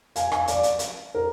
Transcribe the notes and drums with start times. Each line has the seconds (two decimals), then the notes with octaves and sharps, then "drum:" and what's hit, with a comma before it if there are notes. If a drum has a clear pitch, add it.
0.16 F5 G#5, drum: hi-hat
0.32 F5 G#5, drum: rim click
0.48 D5 F5, drum: hi-hat
0.63 drum: hi-hat
0.79 drum: hi-hat
1.15 A#4